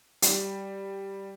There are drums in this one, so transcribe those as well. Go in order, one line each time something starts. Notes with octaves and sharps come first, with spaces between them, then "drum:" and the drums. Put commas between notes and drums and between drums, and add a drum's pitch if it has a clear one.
G3, drum: hi-hat